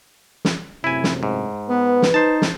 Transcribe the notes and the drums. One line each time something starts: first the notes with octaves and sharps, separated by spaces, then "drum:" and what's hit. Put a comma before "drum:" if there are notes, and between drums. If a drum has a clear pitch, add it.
drum: snare
F#2 A2 C3 E4 G#5
drum: snare
G#2
B3 B4
drum: snare
D#4 C5 A5
drum: snare